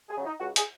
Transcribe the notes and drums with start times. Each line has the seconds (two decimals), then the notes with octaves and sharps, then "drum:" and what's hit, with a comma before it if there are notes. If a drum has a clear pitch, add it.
0.09 G#4
0.17 C#3 F#3
0.25 D#4
0.40 C#2 F#4
0.56 G#4, drum: hi-hat